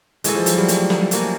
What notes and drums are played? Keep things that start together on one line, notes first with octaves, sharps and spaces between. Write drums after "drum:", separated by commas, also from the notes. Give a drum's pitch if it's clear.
E3 G#3 C#4 F#4 A4, drum: hi-hat
F3
F#3, drum: hi-hat
G3
A3, drum: hi-hat
drum: snare
F3 A#3 C#4 F#4, drum: hi-hat